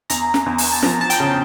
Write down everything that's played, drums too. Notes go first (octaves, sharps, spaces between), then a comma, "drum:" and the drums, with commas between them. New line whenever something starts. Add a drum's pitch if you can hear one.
E2 A#5, drum: hi-hat
drum: snare
E2
drum: open hi-hat
A5
F3 A#5, drum: snare
A5
G5, drum: hi-hat
C#3 A5